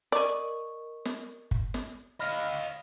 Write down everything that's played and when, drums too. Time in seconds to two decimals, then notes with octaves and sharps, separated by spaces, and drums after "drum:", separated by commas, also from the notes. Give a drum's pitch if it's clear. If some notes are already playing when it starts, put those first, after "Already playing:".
0.12 A#4 D5 D#5 C#6
1.05 drum: snare
1.51 drum: kick
1.74 drum: snare
2.20 D#5 F5 B5 F6 A#6